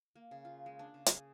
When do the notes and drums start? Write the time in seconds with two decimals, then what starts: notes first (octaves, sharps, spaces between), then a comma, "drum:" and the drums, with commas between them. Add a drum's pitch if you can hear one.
0.15 A#3
0.31 C#3
0.45 F4
0.66 G#3
0.79 D4
0.94 C#3
1.06 G#4, drum: hi-hat